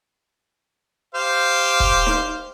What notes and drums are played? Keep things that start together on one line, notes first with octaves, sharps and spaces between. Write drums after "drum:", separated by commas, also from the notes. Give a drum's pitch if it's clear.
G4 C5 F5
drum: kick
drum: snare D#4